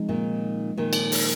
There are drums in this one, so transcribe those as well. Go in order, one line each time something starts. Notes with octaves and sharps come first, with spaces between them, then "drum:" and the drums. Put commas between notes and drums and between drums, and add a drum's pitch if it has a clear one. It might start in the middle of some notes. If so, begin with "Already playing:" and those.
Already playing: F3 G#3 C4 D#4
A#2 D#3
A#2 D#3
drum: cymbal
drum: open hi-hat